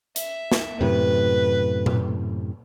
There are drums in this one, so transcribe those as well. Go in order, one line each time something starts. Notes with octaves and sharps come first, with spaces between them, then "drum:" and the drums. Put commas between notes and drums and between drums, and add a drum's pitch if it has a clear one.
E5, drum: hi-hat
drum: snare
F#2 A2 C3 B4
drum: tom A#2